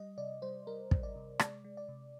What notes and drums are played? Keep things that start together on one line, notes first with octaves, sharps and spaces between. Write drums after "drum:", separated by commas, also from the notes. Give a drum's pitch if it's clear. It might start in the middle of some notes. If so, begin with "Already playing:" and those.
Already playing: G3 D#5
C3 D5
G3 C5
G3 A#4
G3, drum: kick
D5
C3
G#3 D5, drum: rim click
G#3
D5
C3